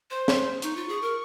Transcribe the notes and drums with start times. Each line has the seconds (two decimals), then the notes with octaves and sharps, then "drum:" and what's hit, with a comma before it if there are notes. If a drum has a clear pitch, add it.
0.10 C5 C6
0.28 drum: snare
0.56 C6
0.62 D#4 C#6, drum: hi-hat
0.76 F4
0.89 G#4
1.02 A#4